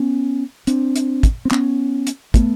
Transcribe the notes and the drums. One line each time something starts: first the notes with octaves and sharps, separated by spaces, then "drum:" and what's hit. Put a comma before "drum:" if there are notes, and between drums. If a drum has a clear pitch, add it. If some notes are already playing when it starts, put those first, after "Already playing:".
Already playing: B3 C#4
C4 D4, drum: hi-hat
drum: hi-hat
drum: kick, hi-hat
C4
B3 C#4, drum: clap
drum: hi-hat
A3 B3, drum: kick, hi-hat